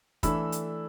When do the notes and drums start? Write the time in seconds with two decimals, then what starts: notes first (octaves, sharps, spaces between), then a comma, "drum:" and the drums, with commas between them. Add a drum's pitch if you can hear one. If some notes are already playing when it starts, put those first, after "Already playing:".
0.23 E3 A3 D4 B5 E6, drum: kick, hi-hat
0.52 drum: hi-hat